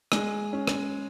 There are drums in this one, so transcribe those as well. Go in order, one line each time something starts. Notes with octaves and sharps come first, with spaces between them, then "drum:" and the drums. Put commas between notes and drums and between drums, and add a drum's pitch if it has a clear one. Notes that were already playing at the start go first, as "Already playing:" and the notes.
G#3, drum: rim click
C#4
drum: rim click